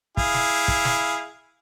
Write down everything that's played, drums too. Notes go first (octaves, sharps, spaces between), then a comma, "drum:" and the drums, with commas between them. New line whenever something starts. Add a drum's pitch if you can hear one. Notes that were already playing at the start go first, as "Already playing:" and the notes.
E4 G#4 F5, drum: kick
drum: snare
drum: kick
drum: snare